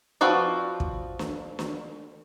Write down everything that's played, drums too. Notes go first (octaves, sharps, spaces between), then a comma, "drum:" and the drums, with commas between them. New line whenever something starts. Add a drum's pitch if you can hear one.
F3 C4 F#4 B4 D5
drum: kick
drum: snare
drum: snare